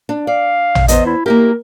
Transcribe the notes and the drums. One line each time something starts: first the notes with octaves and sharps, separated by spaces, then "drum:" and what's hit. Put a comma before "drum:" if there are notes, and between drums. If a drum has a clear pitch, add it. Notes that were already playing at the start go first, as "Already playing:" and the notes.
D4
D5 F5
drum: tom
E2 B3 C5 D#5, drum: hi-hat
E4
A#3 E4 G4 A#4